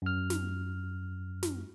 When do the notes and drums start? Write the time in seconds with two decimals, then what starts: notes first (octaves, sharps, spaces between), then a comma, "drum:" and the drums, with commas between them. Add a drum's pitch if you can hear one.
0.02 F#2 F6
0.30 drum: snare
1.43 drum: snare